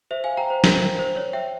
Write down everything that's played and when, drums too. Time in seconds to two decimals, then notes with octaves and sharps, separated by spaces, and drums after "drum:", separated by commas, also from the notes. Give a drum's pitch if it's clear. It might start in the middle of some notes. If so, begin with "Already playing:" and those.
0.11 C5 E5
0.24 F5 G#5
0.37 G5 A#5
0.50 C5
0.64 A#4, drum: snare
0.81 A#4
0.99 C5
1.16 C#5
1.33 E5 G5